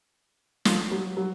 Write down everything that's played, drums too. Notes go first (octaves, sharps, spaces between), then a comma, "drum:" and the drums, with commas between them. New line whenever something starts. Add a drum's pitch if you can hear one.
F3, drum: snare
F#3
F#3